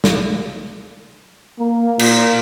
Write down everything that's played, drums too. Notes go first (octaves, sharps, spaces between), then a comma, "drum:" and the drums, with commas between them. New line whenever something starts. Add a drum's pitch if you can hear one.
drum: snare
A#3
A#2, drum: cymbal